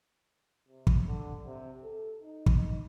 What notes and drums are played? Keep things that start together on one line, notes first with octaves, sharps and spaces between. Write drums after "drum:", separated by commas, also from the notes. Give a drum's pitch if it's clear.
C3
drum: kick
D3
C3
A4
D#4
drum: kick
D#4